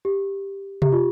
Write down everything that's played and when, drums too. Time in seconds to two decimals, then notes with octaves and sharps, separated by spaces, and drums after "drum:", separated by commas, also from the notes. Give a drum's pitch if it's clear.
0.05 G4
0.82 G4, drum: tom C3
0.92 F4